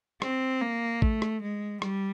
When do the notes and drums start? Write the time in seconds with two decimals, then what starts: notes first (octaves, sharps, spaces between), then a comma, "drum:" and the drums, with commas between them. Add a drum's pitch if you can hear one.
0.22 C4, drum: rim click
0.62 A#3
1.02 A3, drum: kick A1
1.22 drum: rim click
1.42 G#3
1.82 G3, drum: rim click